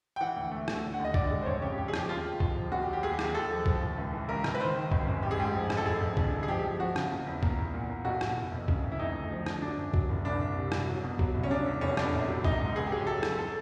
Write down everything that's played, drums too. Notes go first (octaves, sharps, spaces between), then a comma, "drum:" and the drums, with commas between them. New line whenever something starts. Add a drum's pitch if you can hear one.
G5
E3 F#5
D2
A3
D2, drum: rim click
D3
F#5
D#2
D#5
D3 D5, drum: kick
G#3
C5
F2 C#5
C#3 G4
F2 G4
G#4
F3, drum: rim click
G4
D#2 F4
D#2
D#2, drum: kick
F3
D#2 F#4
G4
F#3
G4
D#2 G#4
G4
D#2, drum: rim click
G#4
D#2 A4
F3
F3, drum: kick
D#2
C#2
E3
C#2 A#4
C#2, drum: rim click
B4
D#3 C5
D#3
G#1, drum: kick
F#2
A1 G4
G#4
G#2 G4
F3
A1, drum: rim click
A4
F2 G#4
F2
D3, drum: kick
G1
G#4
F3 G4
F3 G4
F3 F#4
C#3, drum: rim click
A#3
E2
A#3, drum: kick
E2
A#2
A#3
B1 F#4
B1, drum: rim click
F#1
F2
C#3, drum: kick
F2
E4
D2 D#4
D2
F3
D3, drum: rim click
F#3 D4
F#2
F#3, drum: kick
F#1
C2 D4
C2
C3
C2, drum: rim click
F#3
B2
F#3, drum: kick
C2
C#4
C#3 D4
E2
F1 C#4
E2 D4, drum: rim click
A#1
F#3
A#1 D#4, drum: kick
G#2
C#2 G#4
G4
F#3 G#4
G4
F#3 A4
F#3, drum: rim click
A4